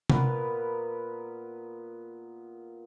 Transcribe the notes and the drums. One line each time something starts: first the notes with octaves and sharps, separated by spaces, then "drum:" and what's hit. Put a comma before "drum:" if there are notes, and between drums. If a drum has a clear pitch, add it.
A#2 B3 A#4 B4, drum: tom C3